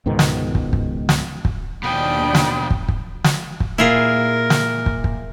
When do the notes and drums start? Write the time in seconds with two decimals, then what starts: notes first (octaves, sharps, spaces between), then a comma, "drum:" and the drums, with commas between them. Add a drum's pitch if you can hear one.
0.06 C#2 G#2 B2 D#3
0.19 drum: snare
0.55 drum: kick
0.73 drum: kick
1.09 drum: snare
1.45 drum: kick
1.83 D#2 B2 F3 D4 G5 G#5 B5 D#6
2.35 drum: snare
2.70 drum: kick
2.88 drum: kick
3.24 drum: snare
3.60 drum: kick
3.78 A#2 E4 F4 G#4 A#4
4.50 drum: snare
4.86 drum: kick
5.04 drum: kick